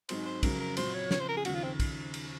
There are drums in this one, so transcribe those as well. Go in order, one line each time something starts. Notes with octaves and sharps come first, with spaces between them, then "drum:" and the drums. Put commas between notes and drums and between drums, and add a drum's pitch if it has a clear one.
G#2 F#3 C4 D#4 C5, drum: cymbal
C5
F2 C#3 F#3 A#4, drum: kick, cymbal
A#4
A#2 F#3 C4 F4 C5, drum: cymbal
C#5
C#3 F3 C4 C#5, drum: snare
C5
A#4
G#4
D#2 C#3 F3 F#4, drum: cymbal
F4
C4
drum: kick, cymbal
drum: cymbal